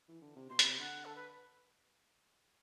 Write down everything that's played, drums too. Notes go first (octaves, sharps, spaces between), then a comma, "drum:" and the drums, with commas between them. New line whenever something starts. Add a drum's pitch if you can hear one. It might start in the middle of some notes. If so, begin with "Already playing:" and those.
E3
D3
C3
B2 C6
B5, drum: hi-hat
C3
D3 F#5
A4
B4